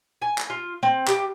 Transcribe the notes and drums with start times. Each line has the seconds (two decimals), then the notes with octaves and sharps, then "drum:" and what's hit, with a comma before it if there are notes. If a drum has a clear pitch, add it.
0.22 G#5
0.38 drum: clap
0.50 F4
0.83 C4
1.07 G4, drum: clap